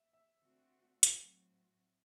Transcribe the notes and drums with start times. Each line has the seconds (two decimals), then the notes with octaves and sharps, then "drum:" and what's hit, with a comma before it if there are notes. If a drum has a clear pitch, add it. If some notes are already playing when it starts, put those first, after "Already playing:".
Already playing: E5
0.13 E5
0.39 D3 A3 C4 F#4
1.03 drum: hi-hat
1.16 A2 F#3 C4 F#4